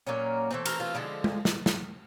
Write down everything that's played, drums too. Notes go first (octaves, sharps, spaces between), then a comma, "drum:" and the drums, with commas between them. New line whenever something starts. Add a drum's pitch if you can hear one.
A#2 F#3 A#3 C#4
E3 A3 C4
A#4, drum: cymbal
F4
D3 F3 G#3 E4
drum: tom G#3
drum: snare
drum: snare